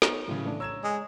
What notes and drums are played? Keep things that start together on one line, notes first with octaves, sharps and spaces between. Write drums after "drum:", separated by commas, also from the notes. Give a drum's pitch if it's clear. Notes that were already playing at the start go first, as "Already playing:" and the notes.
B3 D#4 C#5, drum: snare
A2 C#3 F#3
E3 A3 D4
C#5 A#5 E6 G#6 E7
G#3